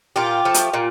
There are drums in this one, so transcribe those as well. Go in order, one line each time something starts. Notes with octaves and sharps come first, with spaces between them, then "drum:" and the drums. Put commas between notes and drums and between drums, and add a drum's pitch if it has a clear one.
A#2 F4 G4
F3 A3
drum: hi-hat
A#2